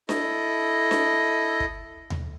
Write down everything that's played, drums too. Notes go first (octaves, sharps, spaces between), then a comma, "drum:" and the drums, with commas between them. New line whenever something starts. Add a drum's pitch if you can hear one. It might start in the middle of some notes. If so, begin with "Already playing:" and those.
E4 A4 D#5, drum: snare D4
drum: snare D4
drum: kick
drum: tom D#2